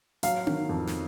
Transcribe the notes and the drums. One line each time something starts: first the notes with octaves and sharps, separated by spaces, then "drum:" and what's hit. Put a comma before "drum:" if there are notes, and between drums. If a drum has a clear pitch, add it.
F#3 F5, drum: hi-hat
D#3, drum: tom B3
F2
drum: snare